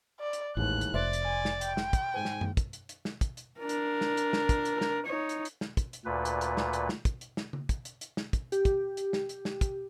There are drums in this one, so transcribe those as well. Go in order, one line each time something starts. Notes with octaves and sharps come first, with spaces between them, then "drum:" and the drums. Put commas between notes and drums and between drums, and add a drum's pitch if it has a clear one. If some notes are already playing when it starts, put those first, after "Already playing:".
D5
drum: hi-hat
A1 D#2 G#2 E3 F#6
drum: hi-hat
F1 C5 D5 E5 C6
drum: hi-hat
G#5
drum: snare
G5, drum: hi-hat
drum: snare
drum: kick, hi-hat
G#2 G#4 C5 G#5
drum: snare
drum: tom F#2
drum: kick, hi-hat
drum: hi-hat
drum: hi-hat
drum: snare
drum: kick, hi-hat
drum: hi-hat
D4 A#4
drum: hi-hat
drum: snare
drum: hi-hat
drum: snare
drum: kick, hi-hat
drum: hi-hat
drum: snare
D#4 C#5
drum: hi-hat
drum: hi-hat
drum: snare
drum: kick, hi-hat
drum: hi-hat
D2 A#2 B4
drum: hi-hat
drum: hi-hat
drum: snare
drum: hi-hat
drum: snare
drum: kick, hi-hat
drum: hi-hat
drum: snare
drum: tom C#3
drum: kick, hi-hat
drum: hi-hat
drum: hi-hat
drum: snare
drum: kick, hi-hat
G4, drum: hi-hat
drum: kick, hi-hat
drum: hi-hat
drum: snare
drum: hi-hat
drum: snare
drum: kick, hi-hat